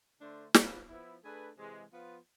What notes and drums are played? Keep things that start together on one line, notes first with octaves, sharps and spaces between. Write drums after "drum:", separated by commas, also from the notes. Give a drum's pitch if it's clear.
D3 A3 D4 A4 C5
F3 B3 F4 B4, drum: snare
F3 B3 E4
A3 D4 G#4 B4
C3 E3 G#3
F3 B3 F4 B4